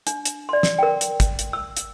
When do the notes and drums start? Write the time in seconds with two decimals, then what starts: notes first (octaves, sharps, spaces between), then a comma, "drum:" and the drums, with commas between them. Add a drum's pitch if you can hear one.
0.07 D4, drum: hi-hat
0.25 drum: hi-hat
0.49 D5 C6
0.63 drum: snare
0.79 A#4 G5
1.01 drum: hi-hat
1.20 drum: kick, hi-hat
1.39 drum: hi-hat
1.53 E6
1.77 drum: hi-hat